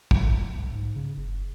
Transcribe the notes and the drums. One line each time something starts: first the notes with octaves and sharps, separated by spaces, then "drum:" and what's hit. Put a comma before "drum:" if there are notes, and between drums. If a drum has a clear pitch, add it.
F#3, drum: kick
F1
C2
G#2
C#3
F#1